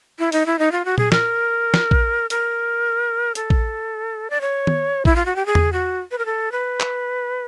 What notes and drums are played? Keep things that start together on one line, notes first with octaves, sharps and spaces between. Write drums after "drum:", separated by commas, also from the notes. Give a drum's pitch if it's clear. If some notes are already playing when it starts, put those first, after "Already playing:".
E4
D#4, drum: open hi-hat
E4
D#4
F4
F#4
G#4, drum: tom A#2
A#4, drum: snare
drum: snare
drum: kick A1
A#4, drum: hi-hat
A4, drum: hi-hat
drum: kick A1
D5
C#5
drum: tom D#3
E4, drum: kick A1
F4
F#4
G4
G#4
drum: tom E2
F#4
B4
A#4
A4
B4
drum: clap